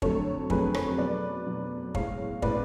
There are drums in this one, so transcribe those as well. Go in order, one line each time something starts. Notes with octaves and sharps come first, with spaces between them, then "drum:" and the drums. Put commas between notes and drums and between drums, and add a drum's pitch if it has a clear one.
F2 D3 F#3 A3 A4 C#5, drum: kick
F2 D3 F#3 A3 G#4 B4, drum: kick
A4 C#5, drum: rim click
B2 F#3 B3 B4 D5
B2 F#3 B3
A2 G#3 B3 C#5 F5, drum: kick
A2 G#3 B3 B4 D5, drum: kick